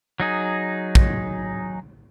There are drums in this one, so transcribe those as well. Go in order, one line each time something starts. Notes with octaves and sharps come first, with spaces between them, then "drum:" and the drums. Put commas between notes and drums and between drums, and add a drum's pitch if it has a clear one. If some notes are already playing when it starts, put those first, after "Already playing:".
F#3 D#4 G#4
drum: kick